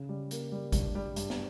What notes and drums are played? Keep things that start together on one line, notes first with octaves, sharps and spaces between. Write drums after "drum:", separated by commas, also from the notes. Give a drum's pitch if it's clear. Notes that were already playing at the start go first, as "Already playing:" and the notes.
Already playing: C#3
G3
A#3, drum: hi-hat
G3
G2, drum: kick G#1, hi-hat
G3
G2, drum: hi-hat
drum: snare